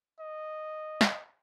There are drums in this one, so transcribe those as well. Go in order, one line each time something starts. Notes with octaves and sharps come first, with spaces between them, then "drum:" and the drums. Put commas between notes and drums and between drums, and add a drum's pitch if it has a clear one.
D#5
drum: snare